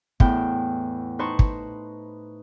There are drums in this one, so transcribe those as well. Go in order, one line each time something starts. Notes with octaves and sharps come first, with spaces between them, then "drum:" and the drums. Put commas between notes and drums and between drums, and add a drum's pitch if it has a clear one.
E2 A2 E4 G5, drum: kick
D#4 B4 C5 A5 C#6
drum: kick